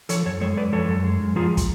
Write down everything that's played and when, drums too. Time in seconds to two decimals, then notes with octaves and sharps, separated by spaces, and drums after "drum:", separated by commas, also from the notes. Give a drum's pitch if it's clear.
0.09 F3 A4 C#5, drum: hi-hat
0.25 F#2 A4 C#5
0.41 G#3 A4 C#5
0.57 F#2 B4 D5
0.72 F3 A4 C#5
0.88 F#2
1.04 G#3
1.20 F#2
1.36 F3 F4 G#4
1.57 drum: kick, hi-hat